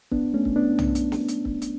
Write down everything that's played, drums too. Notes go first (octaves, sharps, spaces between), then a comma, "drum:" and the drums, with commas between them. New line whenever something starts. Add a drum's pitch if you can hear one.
B3 D4, drum: kick
A3 C#4
drum: kick
B3 D4
drum: tom
drum: hi-hat
drum: snare
drum: hi-hat
drum: kick
drum: hi-hat